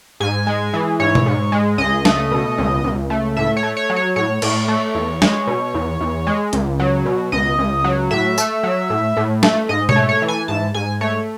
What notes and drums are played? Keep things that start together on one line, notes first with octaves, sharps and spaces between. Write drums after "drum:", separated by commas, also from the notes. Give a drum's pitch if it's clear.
G#2 G#5
G#3
E3
G#2 C#5
drum: tom B2
G#2
G#3
C#2 D#5
A3, drum: snare
B2
C#2
C#2
A3
A2 E5
C#5
A3
C#5
F#3
C#5
A2 C#5
A2, drum: cymbal
A3
E2
G#3, drum: snare
B2
E2
E2
G#3
C#2, drum: hi-hat
F#3
B2
C#2 D#5
C#2
F#3
A2 E5
A3, drum: tambourine
F#3
A2
A2
A3, drum: snare
G#2 D#5
C#5, drum: tom B2
A3
C#5
E3
G#5
G#2 A5
G#2 G#5
A3 C#5